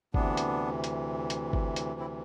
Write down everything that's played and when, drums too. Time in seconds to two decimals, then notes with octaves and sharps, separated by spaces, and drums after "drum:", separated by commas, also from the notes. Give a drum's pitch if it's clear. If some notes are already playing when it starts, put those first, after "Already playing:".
0.14 D2 C3 E3 B3 D4, drum: kick G1
0.37 drum: hi-hat
0.84 drum: hi-hat
1.30 drum: hi-hat
1.53 drum: kick G1
1.76 drum: hi-hat
1.99 C4 E4